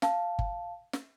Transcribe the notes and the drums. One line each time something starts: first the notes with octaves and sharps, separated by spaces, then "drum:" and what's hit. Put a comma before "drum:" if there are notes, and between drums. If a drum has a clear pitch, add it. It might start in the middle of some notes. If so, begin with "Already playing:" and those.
F5 A5, drum: snare
drum: kick G1
drum: snare